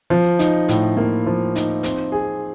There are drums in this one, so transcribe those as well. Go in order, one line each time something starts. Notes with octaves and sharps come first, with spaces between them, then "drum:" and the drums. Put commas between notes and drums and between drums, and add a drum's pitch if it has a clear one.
F3
D#4, drum: hi-hat
A2, drum: hi-hat
A#3
F3
D#4, drum: hi-hat
C4, drum: hi-hat
G#4